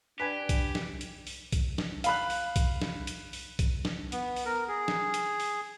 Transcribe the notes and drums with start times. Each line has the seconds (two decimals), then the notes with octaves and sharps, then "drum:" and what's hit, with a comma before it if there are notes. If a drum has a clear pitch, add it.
0.20 D4 G4 B4 G#5 G#6 B6
0.49 drum: kick B1, hi-hat
0.75 drum: snare
1.01 drum: hi-hat
1.27 drum: open hi-hat
1.52 drum: kick B1, hi-hat
1.78 drum: snare
2.04 F5 B5 F#6, drum: hi-hat
2.30 drum: open hi-hat
2.56 drum: kick B1, hi-hat
2.82 drum: snare
3.07 drum: hi-hat
3.33 drum: open hi-hat
3.59 drum: kick B1, hi-hat
3.85 drum: snare
4.12 B3, drum: hi-hat
4.36 drum: open hi-hat
4.46 A#4
4.68 G#4
4.88 drum: snare
5.14 drum: hi-hat
5.40 drum: open hi-hat